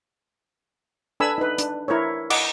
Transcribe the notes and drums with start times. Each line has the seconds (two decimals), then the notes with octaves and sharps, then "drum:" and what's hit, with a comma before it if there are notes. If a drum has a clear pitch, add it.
1.20 D4 A4 B4 G#5 B5 E6
1.38 D#4 B4
1.58 D4, drum: hi-hat
1.88 E4 A#4 C5 C#5
2.30 D#5 F#5 D6, drum: cymbal